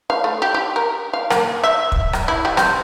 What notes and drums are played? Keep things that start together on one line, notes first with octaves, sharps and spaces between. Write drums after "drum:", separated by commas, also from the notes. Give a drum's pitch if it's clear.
F5
A3
G4
G4
A#4
F5
A#3, drum: rim click
E5
drum: kick
drum: rim click
E4
G3
C4, drum: rim click